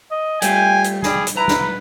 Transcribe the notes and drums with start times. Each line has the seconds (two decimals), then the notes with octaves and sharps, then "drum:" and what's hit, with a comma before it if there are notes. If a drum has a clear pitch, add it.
0.11 D#5
0.42 G3 A3 F4 G5 G#5, drum: hi-hat
0.84 drum: hi-hat
1.03 G3 G#4, drum: snare
1.27 drum: hi-hat
1.37 E4 B4 A#5
1.48 drum: snare